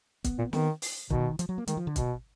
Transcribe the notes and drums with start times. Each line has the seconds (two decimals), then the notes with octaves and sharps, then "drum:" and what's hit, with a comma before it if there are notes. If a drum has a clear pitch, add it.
0.24 B3, drum: kick, hi-hat
0.39 A#2
0.53 D#3 B3, drum: snare
0.82 drum: open hi-hat
1.10 B2 D#3, drum: kick
1.39 F3, drum: hi-hat
1.49 F#3
1.58 A#3
1.67 D#3 G#3, drum: hi-hat
1.77 F3
1.87 D3
1.96 B2, drum: kick, hi-hat